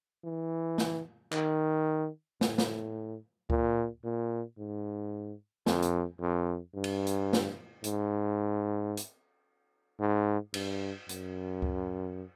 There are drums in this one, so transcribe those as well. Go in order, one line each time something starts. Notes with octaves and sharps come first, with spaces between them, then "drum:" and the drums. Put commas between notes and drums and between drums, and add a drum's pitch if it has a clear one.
E3
drum: snare
D#3, drum: clap
A2, drum: snare
drum: snare
A#2, drum: kick C#2
A#2
G#2
F2, drum: snare
drum: hi-hat
F2
G2
drum: cymbal
drum: hi-hat
drum: snare
G#2, drum: hi-hat
drum: hi-hat
G#2
G2, drum: cymbal
F#2, drum: hi-hat
drum: kick C#2